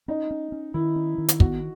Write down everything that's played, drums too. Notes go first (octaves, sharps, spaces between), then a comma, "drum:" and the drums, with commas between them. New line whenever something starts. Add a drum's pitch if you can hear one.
C#4 D#4
C#4
C#4
D#3 E4
C#4
D#3
drum: hi-hat
B3 F#4, drum: kick